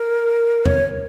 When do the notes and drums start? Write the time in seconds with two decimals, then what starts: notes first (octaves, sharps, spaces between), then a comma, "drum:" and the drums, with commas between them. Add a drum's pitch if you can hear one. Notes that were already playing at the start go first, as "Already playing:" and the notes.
Already playing: A#4
0.66 C#5, drum: tom E2